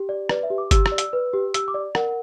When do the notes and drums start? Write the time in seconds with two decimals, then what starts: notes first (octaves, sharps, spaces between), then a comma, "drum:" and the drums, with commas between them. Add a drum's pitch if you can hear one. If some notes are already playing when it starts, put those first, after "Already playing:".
Already playing: G4
0.09 D5
0.29 B4 D5, drum: rim click
0.43 E5
0.50 G4
0.58 D6
0.71 G4 E6, drum: kick G1, hi-hat
0.86 E6, drum: rim click
0.92 D5
0.98 E6, drum: hi-hat
1.13 B4
1.33 G4
1.54 G4 E6, drum: hi-hat
1.68 D6
1.74 D5
1.95 A#4 F#5, drum: rim click